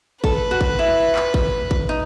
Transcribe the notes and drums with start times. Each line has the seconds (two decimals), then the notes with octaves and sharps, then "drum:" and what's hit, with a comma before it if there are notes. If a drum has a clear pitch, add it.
0.24 A4 B4, drum: kick G#1
0.51 F#4
0.61 drum: kick G#1
0.79 E4
1.16 drum: clap
1.34 drum: kick G#1
1.71 drum: kick G#1
1.89 D#4